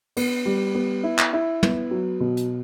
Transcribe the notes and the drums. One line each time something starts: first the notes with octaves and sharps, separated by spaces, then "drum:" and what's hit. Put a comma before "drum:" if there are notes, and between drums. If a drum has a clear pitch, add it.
B3, drum: cymbal
G3
B3
E4
drum: clap
E4
B3, drum: tom
F#3
B2
drum: hi-hat